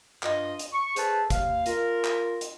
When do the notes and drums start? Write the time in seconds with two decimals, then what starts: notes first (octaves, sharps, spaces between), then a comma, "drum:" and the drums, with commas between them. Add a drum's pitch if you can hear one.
0.23 G2 F4 D#5, drum: clap
0.59 drum: hi-hat
0.72 C#6
0.96 G#4 A4 B4 C5 A5, drum: hi-hat
1.30 D#2 F5, drum: kick G1, hi-hat
1.66 F4 A#4, drum: hi-hat
2.05 drum: clap
2.41 drum: hi-hat